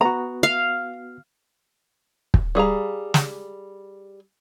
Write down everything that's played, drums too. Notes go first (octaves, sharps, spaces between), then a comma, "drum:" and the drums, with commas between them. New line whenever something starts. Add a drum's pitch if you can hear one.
B3 F#4 A#5
F5
drum: kick
G3 G#4 F5 A#5
drum: snare